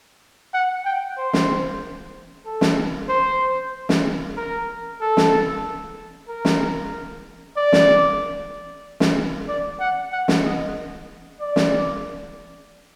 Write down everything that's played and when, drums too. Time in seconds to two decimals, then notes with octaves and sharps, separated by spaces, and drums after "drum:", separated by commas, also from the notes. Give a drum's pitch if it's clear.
0.54 F#5
0.85 G5
1.18 C5
1.33 drum: snare
2.46 A4
2.61 drum: snare
3.09 C5
3.89 drum: snare
4.37 A#4
5.01 A4
5.17 drum: snare
6.29 A#4
6.45 drum: snare
7.57 D5
7.72 drum: snare
9.00 drum: snare
9.48 D5
9.80 F#5
10.12 F#5
10.28 drum: snare
10.44 D#5
11.41 D5
11.56 drum: snare